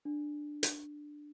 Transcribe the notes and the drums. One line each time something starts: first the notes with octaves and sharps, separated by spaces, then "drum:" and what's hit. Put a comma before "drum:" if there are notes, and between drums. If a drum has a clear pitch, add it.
D4
drum: hi-hat